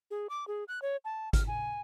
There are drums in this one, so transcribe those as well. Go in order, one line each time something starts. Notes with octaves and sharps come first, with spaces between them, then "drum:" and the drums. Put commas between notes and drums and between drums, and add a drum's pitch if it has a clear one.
G#4
D6
G#4
F#6
C#5
A5
F6, drum: kick G#1, hi-hat
G#5